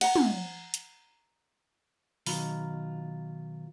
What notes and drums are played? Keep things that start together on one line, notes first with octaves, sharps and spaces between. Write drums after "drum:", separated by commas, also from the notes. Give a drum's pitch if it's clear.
F#5 A#5, drum: cymbal
drum: tom
drum: hi-hat
B2 D#3 F#3 F4 B5, drum: open hi-hat